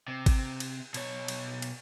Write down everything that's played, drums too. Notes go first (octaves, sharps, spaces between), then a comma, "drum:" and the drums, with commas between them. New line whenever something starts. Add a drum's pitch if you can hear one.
C3
drum: kick G#1, cymbal
drum: cymbal
B2 C#5, drum: cymbal
drum: cymbal
drum: cymbal